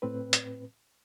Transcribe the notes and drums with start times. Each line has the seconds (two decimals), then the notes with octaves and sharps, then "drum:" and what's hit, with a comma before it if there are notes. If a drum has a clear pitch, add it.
0.02 A2 C4 B4
0.33 drum: hi-hat